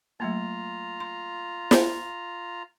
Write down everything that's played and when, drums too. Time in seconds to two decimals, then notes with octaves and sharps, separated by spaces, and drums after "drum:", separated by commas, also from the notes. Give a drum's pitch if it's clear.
0.20 F#3 A3 A#3 F4 A#5
1.00 C6
1.71 drum: snare